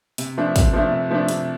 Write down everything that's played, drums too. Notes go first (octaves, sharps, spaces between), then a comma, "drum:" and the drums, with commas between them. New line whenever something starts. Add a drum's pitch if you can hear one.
C3, drum: hi-hat
F3 A3 D4
C3, drum: kick, hi-hat
F3 A3 D4
C3
F3 A3 D4
C3, drum: hi-hat